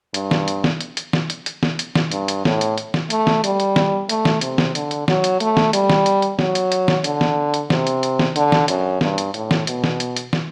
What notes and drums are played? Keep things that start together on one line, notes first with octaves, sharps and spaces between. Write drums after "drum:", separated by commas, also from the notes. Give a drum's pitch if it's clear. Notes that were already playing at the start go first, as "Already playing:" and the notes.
G2, drum: hi-hat
drum: snare
drum: hi-hat
drum: snare
drum: hi-hat
drum: hi-hat
drum: snare
drum: hi-hat
drum: hi-hat
drum: snare
drum: hi-hat
drum: snare
G2, drum: hi-hat
drum: hi-hat
A2, drum: snare
drum: hi-hat
drum: hi-hat
drum: snare
A3, drum: hi-hat
drum: snare
G3, drum: hi-hat
drum: hi-hat
drum: snare
A3, drum: hi-hat
drum: snare
C3, drum: hi-hat
drum: snare
D3, drum: hi-hat
drum: hi-hat
F#3, drum: snare
drum: hi-hat
A3, drum: hi-hat
drum: snare
G3, drum: hi-hat
drum: snare
drum: hi-hat
drum: hi-hat
F#3, drum: snare
drum: hi-hat
drum: hi-hat
drum: snare
D3, drum: hi-hat
drum: snare
drum: hi-hat
C3, drum: snare
drum: hi-hat
drum: hi-hat
drum: snare
D3, drum: hi-hat
drum: snare
F#2, drum: hi-hat
G2, drum: snare
drum: hi-hat
A2, drum: hi-hat
drum: snare
B2, drum: hi-hat
drum: snare
drum: hi-hat
drum: hi-hat
drum: snare